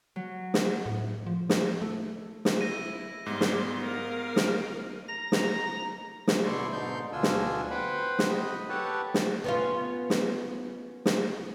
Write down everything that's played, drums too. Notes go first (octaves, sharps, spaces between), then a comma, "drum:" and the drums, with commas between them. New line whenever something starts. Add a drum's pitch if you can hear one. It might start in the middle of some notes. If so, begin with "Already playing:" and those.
F#3
drum: snare
A2
F3
drum: snare
A3
drum: snare
E4 A#6 D#7
G#2 G3 B3 C6
drum: snare
A#4 F5
drum: snare
A#5 A#6
drum: snare
drum: snare
B2 D3 E4 D5 C6 C#6
G#2 B2 D3 D#4 C6 G6
D2 B2 D4 F4 G#5 E6
drum: snare
B4 C5 F#5 G5 B5
drum: snare
C3 D#5 B5 F#6
G4 A4 B4 C#5 F#5 A5
drum: snare
B3 C#4 F4
drum: snare
drum: snare